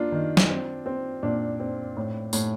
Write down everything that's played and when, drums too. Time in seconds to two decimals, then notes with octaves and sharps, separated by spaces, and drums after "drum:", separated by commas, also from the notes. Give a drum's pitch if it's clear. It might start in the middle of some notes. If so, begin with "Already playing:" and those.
Already playing: A#3 D4 F4
0.12 D#3
0.37 drum: snare
0.49 C4
0.86 C4
1.23 A#2 D4
1.60 C4
1.97 A2
2.33 A2, drum: tambourine